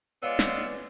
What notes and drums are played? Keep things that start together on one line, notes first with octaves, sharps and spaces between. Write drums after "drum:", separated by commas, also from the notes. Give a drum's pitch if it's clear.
G#3 B3 F4 C#5 D5 F5 E6
drum: snare